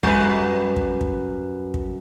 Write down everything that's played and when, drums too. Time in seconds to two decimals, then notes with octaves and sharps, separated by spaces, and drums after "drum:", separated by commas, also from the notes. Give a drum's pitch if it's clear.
0.03 F#2 G3 B4, drum: kick
0.76 drum: kick
1.01 drum: kick
1.74 drum: kick